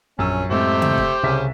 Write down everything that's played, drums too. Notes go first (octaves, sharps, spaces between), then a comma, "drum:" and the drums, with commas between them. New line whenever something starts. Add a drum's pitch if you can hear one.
A#1 F#2 C#4 E6
A2 G#3 A3 C4 G4 C5
drum: tom C#3
drum: kick
C2 C#3 C#4 E5 B6